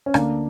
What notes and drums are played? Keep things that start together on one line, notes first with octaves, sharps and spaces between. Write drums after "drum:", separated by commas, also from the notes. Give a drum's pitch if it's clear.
C#4
D2 A#3 D4, drum: rim click